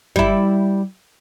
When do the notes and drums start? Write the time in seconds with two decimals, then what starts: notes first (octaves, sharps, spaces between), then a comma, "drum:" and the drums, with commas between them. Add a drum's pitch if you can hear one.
0.16 G3 E4, drum: kick